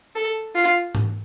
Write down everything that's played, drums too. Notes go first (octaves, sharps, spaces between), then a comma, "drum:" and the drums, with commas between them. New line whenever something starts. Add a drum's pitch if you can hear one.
A4
F4
drum: tom G#2